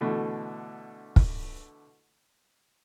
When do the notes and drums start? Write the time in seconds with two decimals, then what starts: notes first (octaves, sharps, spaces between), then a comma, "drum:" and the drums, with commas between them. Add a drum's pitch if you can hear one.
0.01 B2 D3 E3 A3
1.16 drum: kick